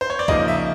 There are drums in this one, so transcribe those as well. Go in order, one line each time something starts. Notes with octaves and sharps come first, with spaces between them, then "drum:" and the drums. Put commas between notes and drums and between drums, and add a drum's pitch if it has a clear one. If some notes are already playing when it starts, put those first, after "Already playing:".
C5
C#5
D5
C#3 F3 A#3 D#4 D#5, drum: kick
E5